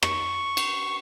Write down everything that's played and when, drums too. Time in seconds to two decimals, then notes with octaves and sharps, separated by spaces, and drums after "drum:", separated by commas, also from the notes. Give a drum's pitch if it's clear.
0.03 C#6, drum: rim click
0.57 drum: cymbal